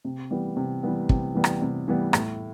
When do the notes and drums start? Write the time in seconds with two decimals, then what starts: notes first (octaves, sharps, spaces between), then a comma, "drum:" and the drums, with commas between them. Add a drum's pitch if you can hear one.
0.05 C3
0.31 E3 G3 B3
0.57 C3
0.83 E3 G3 B3
1.09 C3, drum: kick
1.34 E3 G3 B3
1.44 drum: rim click
1.62 C3
1.88 E3 G3 B3
2.13 A2, drum: rim click